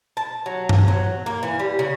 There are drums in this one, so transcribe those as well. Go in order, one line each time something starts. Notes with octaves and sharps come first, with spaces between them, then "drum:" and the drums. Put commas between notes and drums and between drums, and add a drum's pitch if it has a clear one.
A5
F#3
drum: tom G2
F#3
A#3
E3
G3
C#3